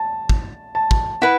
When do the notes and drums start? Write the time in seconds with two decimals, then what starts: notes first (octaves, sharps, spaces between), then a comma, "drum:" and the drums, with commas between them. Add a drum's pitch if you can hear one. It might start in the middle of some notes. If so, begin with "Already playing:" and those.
Already playing: A5
0.29 drum: kick
0.75 A5
0.91 drum: kick
1.22 E4 B4 F#5